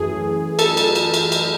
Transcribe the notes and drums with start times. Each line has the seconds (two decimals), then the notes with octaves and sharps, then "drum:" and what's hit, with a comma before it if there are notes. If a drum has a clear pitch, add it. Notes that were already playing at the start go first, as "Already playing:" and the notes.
Already playing: F#2 E3 A3 G#4
0.59 A4, drum: cymbal
0.77 drum: cymbal
0.95 drum: cymbal
1.14 drum: cymbal
1.32 drum: cymbal